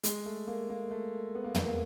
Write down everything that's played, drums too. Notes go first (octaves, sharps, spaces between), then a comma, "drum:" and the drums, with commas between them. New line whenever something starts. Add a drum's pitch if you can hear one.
G#3, drum: hi-hat
A3
A#3
A#3
A3
B3
A#3
A3, drum: tom
A#3